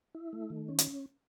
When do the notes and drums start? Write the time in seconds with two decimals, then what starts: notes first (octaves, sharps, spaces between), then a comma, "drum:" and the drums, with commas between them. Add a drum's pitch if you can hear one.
0.15 E4
0.33 A3
0.50 D#3
0.68 C#4
0.79 drum: hi-hat